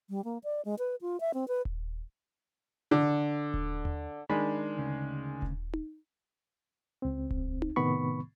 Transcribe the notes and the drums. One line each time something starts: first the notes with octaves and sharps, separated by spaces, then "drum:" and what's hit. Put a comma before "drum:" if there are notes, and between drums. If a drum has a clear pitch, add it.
G3
A#3
D5
G#3
B4
F4
E5
C4
B4
drum: kick D#1
D3
drum: kick D#1
drum: tom D#2
D#3 G#3 D4 B5
D2 C#3
drum: kick D#1
drum: tom D#4
C#2 C4
drum: kick D#1
drum: tom D#4
A2 C3 D#3 B3 B5 C#6